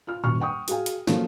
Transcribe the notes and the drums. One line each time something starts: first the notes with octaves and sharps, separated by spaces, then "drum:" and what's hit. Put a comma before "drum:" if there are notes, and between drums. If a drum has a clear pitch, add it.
F4 F6
D#1 F#2 C#6 F6
F#5 G5 C#6 D#6
F#4 G#4 F5 G5 G#5, drum: hi-hat
drum: hi-hat
F3 F#3 A#3 C#4 A4, drum: snare